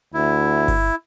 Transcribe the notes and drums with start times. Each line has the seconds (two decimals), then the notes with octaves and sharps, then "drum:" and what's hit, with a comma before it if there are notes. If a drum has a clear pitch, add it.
0.14 D2 E4
0.68 drum: kick G1, open hi-hat